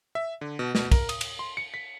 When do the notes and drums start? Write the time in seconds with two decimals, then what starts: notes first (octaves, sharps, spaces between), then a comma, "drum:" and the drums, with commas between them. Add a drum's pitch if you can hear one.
0.15 E5
0.41 D3
0.59 B2
0.75 B2, drum: snare
0.92 A#4, drum: kick, cymbal
1.09 D#6, drum: cymbal
1.21 drum: cymbal
1.39 C6
1.57 C#7
1.74 B6